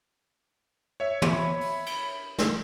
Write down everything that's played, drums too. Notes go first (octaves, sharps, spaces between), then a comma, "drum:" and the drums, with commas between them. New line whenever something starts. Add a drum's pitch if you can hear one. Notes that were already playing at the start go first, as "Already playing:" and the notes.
C#5 E5
B5, drum: tom
drum: open hi-hat
drum: cymbal
drum: snare